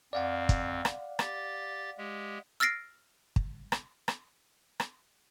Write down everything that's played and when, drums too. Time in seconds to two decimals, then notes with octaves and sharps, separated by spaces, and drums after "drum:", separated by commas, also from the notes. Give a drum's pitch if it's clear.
0.13 F2 C4 D5 F5 F#5
0.49 drum: kick, hi-hat
0.85 drum: rim click
1.19 G4 A6, drum: rim click
1.98 G#3 G4
2.60 E6 F6 A6 A#6 C7 D7
3.36 drum: kick
3.72 drum: rim click
4.08 drum: rim click
4.80 drum: rim click